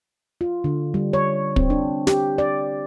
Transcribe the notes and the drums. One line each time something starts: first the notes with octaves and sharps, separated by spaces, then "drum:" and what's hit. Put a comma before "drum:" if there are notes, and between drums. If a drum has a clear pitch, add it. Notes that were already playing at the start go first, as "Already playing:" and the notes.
F4
D3
G3
C#5
C4, drum: kick
D4
G4, drum: snare
D5